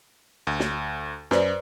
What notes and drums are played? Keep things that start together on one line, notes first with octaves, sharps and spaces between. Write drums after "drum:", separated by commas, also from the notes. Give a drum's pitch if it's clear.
D2
drum: snare
F#2 B4 C5 D5, drum: snare